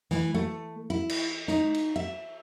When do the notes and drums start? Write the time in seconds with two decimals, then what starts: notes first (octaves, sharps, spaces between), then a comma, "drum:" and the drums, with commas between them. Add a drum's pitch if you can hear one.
0.11 E3, drum: snare
0.34 A3
0.90 E4
1.09 drum: cymbal
1.48 D#4, drum: snare
1.74 drum: cymbal
1.96 E5